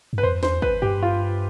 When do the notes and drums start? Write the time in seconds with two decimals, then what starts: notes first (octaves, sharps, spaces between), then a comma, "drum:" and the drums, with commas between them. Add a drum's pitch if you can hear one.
0.13 G2
0.18 B4
0.23 F2 C5
0.43 E2 C5, drum: snare
0.62 B4, drum: kick
0.82 G2 G4
1.03 F4